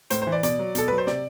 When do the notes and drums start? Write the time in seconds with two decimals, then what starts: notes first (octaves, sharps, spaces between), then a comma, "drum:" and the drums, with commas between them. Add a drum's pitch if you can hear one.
0.10 A2 C5, drum: hi-hat
0.22 C5
0.27 E3
0.32 D5
0.43 B2 D5, drum: hi-hat
0.59 F#3
0.75 B2 A4, drum: hi-hat
0.88 F#3 B4
0.98 C5
1.07 C3 D5, drum: snare